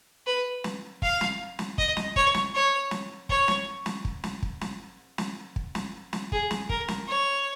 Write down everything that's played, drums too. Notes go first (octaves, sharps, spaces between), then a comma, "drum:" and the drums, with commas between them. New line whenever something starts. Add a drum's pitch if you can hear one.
B4
drum: snare
F5, drum: kick
drum: snare
drum: snare
D#5, drum: kick
drum: snare
C#5, drum: kick
drum: snare
C#5
drum: snare
C#5, drum: kick
drum: snare
drum: snare
drum: kick
drum: snare
drum: kick
drum: snare
drum: snare
drum: kick
drum: snare
drum: snare
G#4, drum: kick
drum: snare
A#4, drum: kick
drum: snare
C#5